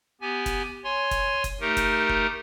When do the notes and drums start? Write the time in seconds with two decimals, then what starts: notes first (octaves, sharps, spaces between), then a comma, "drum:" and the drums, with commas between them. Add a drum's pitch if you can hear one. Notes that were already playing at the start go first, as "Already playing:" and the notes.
0.21 B3 G4 G#5
0.46 drum: kick, hi-hat
0.84 C#5 G#5 C6
1.11 drum: kick, hi-hat
1.44 drum: kick, hi-hat
1.60 A3 D#4 G4 A#4
1.77 drum: kick, hi-hat
2.09 drum: kick